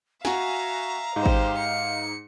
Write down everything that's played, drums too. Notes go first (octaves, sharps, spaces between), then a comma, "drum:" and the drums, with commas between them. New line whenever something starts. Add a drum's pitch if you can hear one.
F#4 E5 F5 G#5 A#5, drum: snare
G#2 D#4 G4 C5 F5
drum: kick G#1
C#7